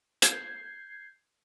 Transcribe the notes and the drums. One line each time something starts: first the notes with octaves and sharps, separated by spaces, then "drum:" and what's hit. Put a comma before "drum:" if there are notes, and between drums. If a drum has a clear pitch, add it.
G6 G#6 C7, drum: hi-hat